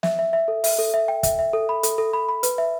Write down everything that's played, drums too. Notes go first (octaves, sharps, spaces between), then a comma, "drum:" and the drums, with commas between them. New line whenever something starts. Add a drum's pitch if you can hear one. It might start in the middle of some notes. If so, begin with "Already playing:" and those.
E5, drum: snare
E5
E5
A4
E5, drum: open hi-hat
A4
E5
G5
E5, drum: kick, hi-hat
E5
A4
B5
A4, drum: hi-hat
A4
B5
B5
B4, drum: hi-hat
E5